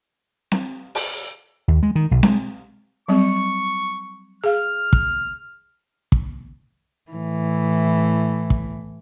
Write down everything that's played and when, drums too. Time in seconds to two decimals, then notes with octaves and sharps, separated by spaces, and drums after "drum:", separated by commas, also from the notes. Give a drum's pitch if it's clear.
0.52 drum: snare C4
0.95 drum: open hi-hat
1.68 D#2
1.83 G#3
1.95 D#3
2.11 B1
2.23 G#3, drum: snare C4
3.08 F#3 G3 C4 C#6
4.44 G#4 F5 F6
4.93 drum: kick
6.12 drum: kick
7.11 A2 E3
8.50 drum: kick